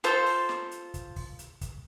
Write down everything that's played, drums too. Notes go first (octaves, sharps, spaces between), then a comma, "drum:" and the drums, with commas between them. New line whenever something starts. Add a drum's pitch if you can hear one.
F4 A4 C5, drum: hi-hat
drum: open hi-hat
drum: snare
drum: hi-hat
drum: kick, hi-hat
drum: kick, open hi-hat
drum: hi-hat
drum: kick, hi-hat